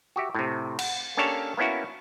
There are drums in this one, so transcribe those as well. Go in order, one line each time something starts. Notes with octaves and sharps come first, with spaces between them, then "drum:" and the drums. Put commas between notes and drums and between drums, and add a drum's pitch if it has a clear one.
F#4 G4 E5
A2 C3
F#5, drum: cymbal
A#3 C#4 D4 G4 A4 C#5
A#3 B3 C#4 E4 F#4